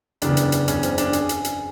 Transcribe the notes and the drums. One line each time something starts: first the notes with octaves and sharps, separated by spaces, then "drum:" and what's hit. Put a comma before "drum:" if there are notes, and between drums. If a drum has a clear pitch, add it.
F#1 E2 C#3 D4, drum: hi-hat
drum: hi-hat
drum: hi-hat
F#1 E2 C#3 C#4, drum: hi-hat
C4, drum: hi-hat
D4, drum: hi-hat
G#4, drum: hi-hat
drum: hi-hat
drum: hi-hat